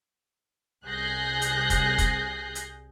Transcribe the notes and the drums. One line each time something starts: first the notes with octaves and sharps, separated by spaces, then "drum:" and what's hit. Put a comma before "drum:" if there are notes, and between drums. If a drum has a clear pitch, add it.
C2 G#4 F#6 G6 A#6 C7
drum: hi-hat
drum: kick, hi-hat
drum: kick, hi-hat
drum: hi-hat